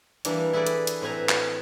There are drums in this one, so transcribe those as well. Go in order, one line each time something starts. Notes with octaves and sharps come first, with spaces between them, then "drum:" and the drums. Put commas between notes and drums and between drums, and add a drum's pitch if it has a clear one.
E3 G3 A#3 D4 E4, drum: hi-hat
E4 G#4 A4 B4 D5
drum: hi-hat
drum: hi-hat
A2 C4 B4 G#5 A#5
drum: clap